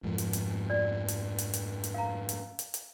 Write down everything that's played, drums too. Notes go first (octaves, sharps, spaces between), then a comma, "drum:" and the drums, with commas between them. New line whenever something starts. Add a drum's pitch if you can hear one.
F2 G#2 F3
drum: hi-hat
drum: hi-hat
F#4 D5
drum: hi-hat
drum: hi-hat
drum: hi-hat
drum: hi-hat
F5 A#5
drum: hi-hat
drum: hi-hat
drum: hi-hat